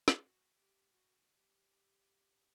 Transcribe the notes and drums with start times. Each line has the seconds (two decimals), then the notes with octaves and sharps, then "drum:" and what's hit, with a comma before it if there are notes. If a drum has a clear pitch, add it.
0.08 drum: snare
0.19 F#4
0.56 G4
0.93 F#4
1.31 G4